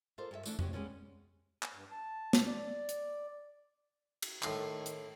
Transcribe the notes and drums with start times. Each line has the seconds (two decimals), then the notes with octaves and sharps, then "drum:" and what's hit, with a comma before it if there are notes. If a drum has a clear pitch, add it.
0.18 F4 A4 A#4 C5 D5
0.31 G2 G4 E5
0.46 E3 A3 D4, drum: tambourine
0.59 C3 F#4 G4 C#5, drum: tom F2
0.73 G3 G#3 B3 C#4 D4
1.63 drum: clap
1.73 G2
1.91 A5
2.33 drum: snare
2.46 D5
2.89 drum: hi-hat
4.22 drum: cymbal
4.43 A2 D#3 C6, drum: clap
4.86 drum: hi-hat